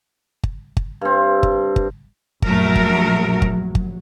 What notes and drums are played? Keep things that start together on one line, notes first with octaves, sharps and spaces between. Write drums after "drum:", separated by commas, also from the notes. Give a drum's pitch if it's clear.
drum: kick G1
drum: kick G1
G2 C4
drum: kick G1
drum: kick G1
A#1 F#2 F#3 A3 A#4, drum: kick G1
drum: kick G1
drum: kick G1
drum: kick G1